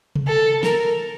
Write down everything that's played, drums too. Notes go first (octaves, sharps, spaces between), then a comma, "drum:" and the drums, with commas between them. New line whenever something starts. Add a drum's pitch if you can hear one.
drum: tom C3
A4
A#4, drum: snare